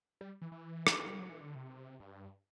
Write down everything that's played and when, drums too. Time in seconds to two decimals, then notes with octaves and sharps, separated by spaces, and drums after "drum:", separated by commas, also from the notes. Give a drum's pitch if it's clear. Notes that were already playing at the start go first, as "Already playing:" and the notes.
0.21 G3
0.42 E3
0.52 E3
0.87 drum: rim click
1.07 G3
1.19 F#3
1.30 E3
1.41 D3
1.55 C3
2.00 G2